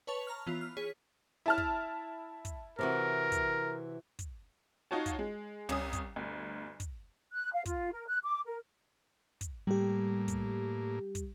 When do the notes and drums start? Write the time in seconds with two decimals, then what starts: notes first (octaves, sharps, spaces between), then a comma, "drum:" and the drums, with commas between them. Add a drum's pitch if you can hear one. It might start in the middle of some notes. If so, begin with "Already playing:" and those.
0.07 B4 C#5 A5 C#6 F7
0.27 A#5 F6
0.47 E3 B3 F4
0.61 F6
0.77 G#4 C#5 B6
1.46 E4 A5 F6
1.58 drum: kick
2.45 drum: kick, hi-hat
2.79 C3 E3 F#4 A#4
3.32 drum: kick, hi-hat
4.19 drum: kick, hi-hat
4.91 D#4 F4 F#4 C#5 A5
5.06 drum: kick, hi-hat
5.19 G#3
5.69 C2 C#4 D#6, drum: tom
5.93 drum: kick, hi-hat
6.16 G1 D2
6.80 drum: kick, hi-hat
7.32 F#6
7.53 F5
7.65 F4, drum: kick, hi-hat
7.92 A#4
8.08 F#6
8.24 D6
8.46 A#4
9.41 drum: kick, hi-hat
9.67 A2 G3 A#3 G4
10.28 drum: kick, hi-hat
11.15 drum: kick, hi-hat